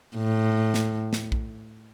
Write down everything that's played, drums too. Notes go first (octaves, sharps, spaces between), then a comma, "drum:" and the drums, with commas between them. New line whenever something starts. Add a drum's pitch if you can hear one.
A2
drum: snare
drum: snare
drum: kick A#1